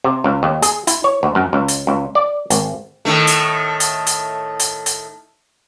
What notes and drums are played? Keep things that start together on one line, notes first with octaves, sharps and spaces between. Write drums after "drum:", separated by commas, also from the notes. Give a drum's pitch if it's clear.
C3
C#2
D#2
G#4, drum: hi-hat
E4, drum: hi-hat
C#5
D2
F#2
C#2
drum: hi-hat
C#2
D5
G#1, drum: hi-hat
A2 D#3 A3
drum: hi-hat
drum: hi-hat
drum: hi-hat
drum: hi-hat
drum: hi-hat